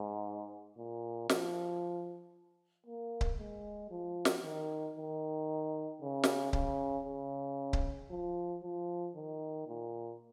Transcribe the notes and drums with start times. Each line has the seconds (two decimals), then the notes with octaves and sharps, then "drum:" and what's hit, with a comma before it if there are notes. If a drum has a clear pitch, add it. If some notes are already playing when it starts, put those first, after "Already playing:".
Already playing: G#2
0.77 A#2
1.29 F3, drum: snare
2.86 A#3
3.21 drum: kick C#1
3.39 G#3
3.91 F3
4.25 drum: snare
4.43 D#3
4.96 D#3
6.02 C#3
6.24 drum: snare
6.53 C#3, drum: kick C#1
7.06 C#3
7.73 drum: kick C#1
8.10 F3
8.63 F3
9.16 D#3
9.67 A#2